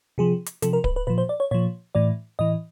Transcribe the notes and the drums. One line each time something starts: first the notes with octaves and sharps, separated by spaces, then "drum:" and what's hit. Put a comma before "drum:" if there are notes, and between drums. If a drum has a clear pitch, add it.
C3 F3 G#4
drum: hi-hat
C3 F3 A4, drum: hi-hat
A#4
B4, drum: kick D1
B4
A#2 F3 B4
C5
D5
C#5
A#2 F3 C#5
A2 E3 D5
A2 E3 D#5